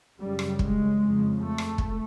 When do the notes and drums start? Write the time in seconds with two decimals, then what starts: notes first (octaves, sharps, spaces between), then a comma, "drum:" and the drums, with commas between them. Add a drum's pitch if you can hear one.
0.19 F#2 C#3 G3
0.39 drum: rim click
0.59 G#3, drum: kick
0.98 F2 C#3
1.38 A3
1.58 drum: rim click
1.78 drum: kick